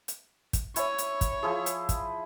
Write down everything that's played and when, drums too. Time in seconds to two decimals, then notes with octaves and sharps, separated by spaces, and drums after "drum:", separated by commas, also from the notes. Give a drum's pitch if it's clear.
0.08 drum: hi-hat
0.53 drum: kick, hi-hat
0.76 E4 C#5 G#5, drum: hi-hat
0.99 drum: hi-hat
1.21 drum: kick, hi-hat
1.43 F3 E4 G#4
1.66 drum: hi-hat
1.89 drum: kick, hi-hat